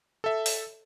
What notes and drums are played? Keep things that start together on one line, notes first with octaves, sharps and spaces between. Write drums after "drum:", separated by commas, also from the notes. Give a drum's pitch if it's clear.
A4 E5
drum: open hi-hat